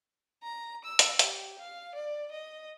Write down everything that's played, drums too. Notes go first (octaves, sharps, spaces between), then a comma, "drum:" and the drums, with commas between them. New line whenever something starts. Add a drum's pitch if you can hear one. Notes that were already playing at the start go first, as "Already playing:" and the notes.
A#5
E6
drum: hi-hat
G4, drum: hi-hat
F5
D5
D#5